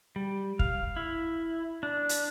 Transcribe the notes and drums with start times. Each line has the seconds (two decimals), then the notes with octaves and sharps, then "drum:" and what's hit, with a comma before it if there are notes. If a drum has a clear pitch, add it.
0.16 G3
0.59 F5, drum: kick
0.96 E4
1.83 D4
2.09 drum: hi-hat